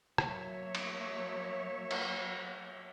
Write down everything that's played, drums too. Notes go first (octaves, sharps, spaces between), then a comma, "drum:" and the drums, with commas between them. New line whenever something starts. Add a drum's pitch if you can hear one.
F#3 A#3 C#5 E5, drum: rim click
drum: cymbal
drum: cymbal